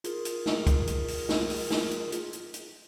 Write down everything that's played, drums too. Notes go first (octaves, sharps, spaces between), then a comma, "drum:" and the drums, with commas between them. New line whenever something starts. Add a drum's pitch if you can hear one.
F4 G#4 A#4, drum: hi-hat
drum: hi-hat
drum: snare
drum: kick, hi-hat
drum: hi-hat
drum: open hi-hat
drum: snare
drum: open hi-hat
drum: snare
drum: hi-hat
drum: hi-hat
drum: hi-hat
drum: hi-hat